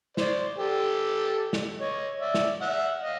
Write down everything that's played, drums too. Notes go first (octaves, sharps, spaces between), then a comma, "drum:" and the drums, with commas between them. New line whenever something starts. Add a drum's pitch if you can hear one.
C5 D5, drum: snare
G4 A4
drum: snare
C#5 D#5
D5 E5
drum: snare
E5 F#5
D#5 F5